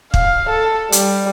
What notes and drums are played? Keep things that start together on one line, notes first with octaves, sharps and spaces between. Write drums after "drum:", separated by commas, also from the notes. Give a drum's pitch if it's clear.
F5, drum: kick
A4
G3, drum: hi-hat